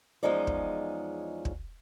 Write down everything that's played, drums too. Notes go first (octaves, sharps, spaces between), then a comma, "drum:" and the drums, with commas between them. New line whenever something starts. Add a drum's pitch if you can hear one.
E2 F3 G#3 C#4 D#4 D5
drum: kick
drum: kick